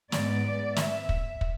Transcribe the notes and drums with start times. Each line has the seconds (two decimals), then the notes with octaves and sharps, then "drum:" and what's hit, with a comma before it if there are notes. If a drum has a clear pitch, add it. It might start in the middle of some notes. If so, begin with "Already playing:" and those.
0.12 G#2 G#3 B3 D5, drum: snare
0.76 E5, drum: snare
1.09 drum: kick
1.41 drum: kick